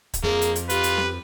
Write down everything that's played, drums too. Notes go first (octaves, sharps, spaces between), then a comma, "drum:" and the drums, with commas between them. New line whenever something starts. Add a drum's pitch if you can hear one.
drum: kick C#1, hi-hat
F2 F3 A#3 G#4
drum: hi-hat
drum: hi-hat
F4 G4 B4, drum: hi-hat
drum: hi-hat
drum: snare